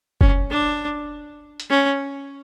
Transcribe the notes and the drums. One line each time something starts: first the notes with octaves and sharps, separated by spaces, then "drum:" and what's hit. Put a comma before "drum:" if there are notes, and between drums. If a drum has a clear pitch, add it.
C#4, drum: kick F#1
D4
drum: hi-hat
C#4